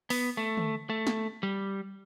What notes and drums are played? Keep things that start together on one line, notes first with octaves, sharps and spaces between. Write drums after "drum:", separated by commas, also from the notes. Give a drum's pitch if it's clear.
B3, drum: open hi-hat
A3
drum: tom D3
A3
drum: snare
G3